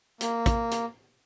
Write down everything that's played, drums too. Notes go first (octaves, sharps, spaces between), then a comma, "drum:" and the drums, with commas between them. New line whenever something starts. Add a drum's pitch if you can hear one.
A#3, drum: hi-hat
drum: kick, hi-hat
drum: hi-hat